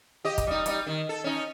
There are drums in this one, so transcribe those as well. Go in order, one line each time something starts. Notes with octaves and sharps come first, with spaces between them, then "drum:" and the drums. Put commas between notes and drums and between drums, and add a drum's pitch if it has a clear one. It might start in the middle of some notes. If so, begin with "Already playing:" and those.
G4 D#5
drum: kick, hi-hat
G3 D#4
G3 D#4, drum: hi-hat
D#3
A4
C#4 D#4